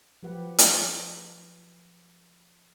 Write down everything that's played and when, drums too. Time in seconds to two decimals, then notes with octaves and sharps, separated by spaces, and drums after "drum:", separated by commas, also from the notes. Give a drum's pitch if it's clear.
0.23 F3 F#3 G4 B4 F#5
0.58 drum: hi-hat